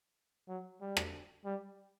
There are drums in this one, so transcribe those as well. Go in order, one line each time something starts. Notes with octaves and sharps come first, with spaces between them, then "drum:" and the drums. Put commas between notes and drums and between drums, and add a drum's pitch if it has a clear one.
F#3
G3
drum: rim click
G3